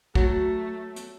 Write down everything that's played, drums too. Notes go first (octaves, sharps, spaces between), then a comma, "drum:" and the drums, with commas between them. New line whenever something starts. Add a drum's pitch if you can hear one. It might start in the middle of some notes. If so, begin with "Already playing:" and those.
F#3 A3, drum: kick
drum: hi-hat